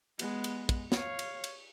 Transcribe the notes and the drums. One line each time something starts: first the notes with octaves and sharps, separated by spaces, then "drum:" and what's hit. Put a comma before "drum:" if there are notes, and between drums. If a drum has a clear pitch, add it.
G#3 B3, drum: cymbal
drum: cymbal
drum: kick, cymbal
C#5 F5, drum: snare
drum: cymbal
drum: cymbal